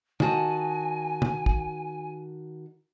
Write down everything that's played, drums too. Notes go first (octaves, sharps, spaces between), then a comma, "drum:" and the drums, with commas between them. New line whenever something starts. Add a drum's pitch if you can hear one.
D#3 F#4 G#5 A5, drum: tom
drum: tom
drum: kick